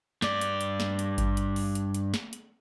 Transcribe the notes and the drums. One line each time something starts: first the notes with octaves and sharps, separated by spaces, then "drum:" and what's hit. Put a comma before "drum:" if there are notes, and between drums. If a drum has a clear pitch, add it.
G2 D5, drum: snare
drum: hi-hat
drum: hi-hat
drum: snare
drum: hi-hat
drum: kick G#1, hi-hat
drum: hi-hat
drum: open hi-hat
drum: hi-hat
drum: hi-hat
drum: snare
drum: hi-hat